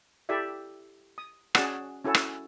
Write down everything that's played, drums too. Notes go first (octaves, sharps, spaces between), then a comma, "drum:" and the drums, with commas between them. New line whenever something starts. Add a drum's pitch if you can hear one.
E4 G4 A4 D5 E5
D#6
C#4 F#4 G#4 D5 F#5 A5, drum: rim click
C#4 E4 F#4 A4 C#5
drum: rim click